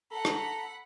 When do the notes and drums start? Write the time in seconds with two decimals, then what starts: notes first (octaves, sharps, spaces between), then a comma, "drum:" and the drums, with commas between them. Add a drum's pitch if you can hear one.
0.11 A4 F#5 A#5 B5
0.25 drum: rim click